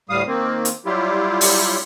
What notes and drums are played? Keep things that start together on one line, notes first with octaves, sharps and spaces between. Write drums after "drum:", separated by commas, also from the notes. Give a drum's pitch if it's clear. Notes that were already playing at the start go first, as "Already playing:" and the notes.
D2 A2 G3 F5 D#6
D#3 A#3 C4
drum: hi-hat
F#3 G3 E4 F4 G4
drum: open hi-hat